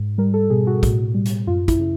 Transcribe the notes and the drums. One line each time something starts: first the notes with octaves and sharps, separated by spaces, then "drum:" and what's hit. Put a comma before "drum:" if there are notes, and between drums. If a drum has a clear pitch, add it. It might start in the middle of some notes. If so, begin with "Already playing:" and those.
Already playing: G#2
G3 A#4
A4
B2 G#4
F#4
A2, drum: kick, hi-hat
G3
drum: hi-hat
F#2 F4
E4, drum: kick, hi-hat
C#3